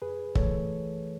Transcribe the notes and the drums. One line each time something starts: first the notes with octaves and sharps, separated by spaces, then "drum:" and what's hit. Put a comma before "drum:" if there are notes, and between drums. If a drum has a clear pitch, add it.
F#2 G#4 B4
E3 A3 A4 C#5, drum: kick